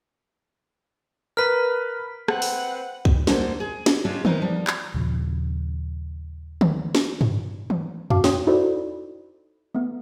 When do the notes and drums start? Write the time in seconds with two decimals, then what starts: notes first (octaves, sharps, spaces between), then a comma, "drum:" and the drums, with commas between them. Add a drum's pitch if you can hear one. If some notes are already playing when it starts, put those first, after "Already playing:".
1.37 A#4 B4 F6 B6
2.28 C4 B4 C5 F#5, drum: rim click
2.42 drum: open hi-hat
3.05 drum: kick
3.27 D3 G3 G#3 A#3 A4 C5, drum: snare
3.60 G#4
3.86 drum: snare
4.05 G#3 C#4 F4 G4 A4
4.25 B3 C4 D#4 E4 F#4 A#4, drum: tom D#3
4.42 F3 G3
4.67 drum: clap
4.94 D#2 A#2 C#3 F3
6.61 drum: tom D3
6.95 drum: snare
7.21 drum: tom G2
7.70 drum: tom D#3
8.10 F#4 F5 A5 D6, drum: tom E2
8.24 C#5 G5 C6 D#6, drum: snare
8.47 D#4 E4 F#4 A4 C5 D5
9.75 A3 B3